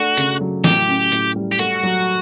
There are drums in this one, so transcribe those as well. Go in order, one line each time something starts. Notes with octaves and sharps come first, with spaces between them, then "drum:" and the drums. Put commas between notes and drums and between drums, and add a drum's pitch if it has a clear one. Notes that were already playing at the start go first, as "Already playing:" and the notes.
Already playing: A3 D4 F#4
C#3, drum: hi-hat
F#3
A2 G4, drum: snare
C#4
A2, drum: hi-hat
G3
G4
A3 F#4, drum: hi-hat
F#3